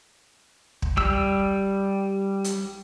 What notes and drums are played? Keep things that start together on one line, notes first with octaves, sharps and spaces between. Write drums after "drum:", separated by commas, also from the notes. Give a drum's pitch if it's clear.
drum: kick
G3 E6, drum: kick
drum: hi-hat